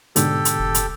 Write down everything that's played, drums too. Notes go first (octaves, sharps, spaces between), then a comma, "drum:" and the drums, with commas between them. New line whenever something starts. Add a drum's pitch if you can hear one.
G#2 B2 D3 G4 A4, drum: hi-hat
drum: hi-hat
F1
drum: hi-hat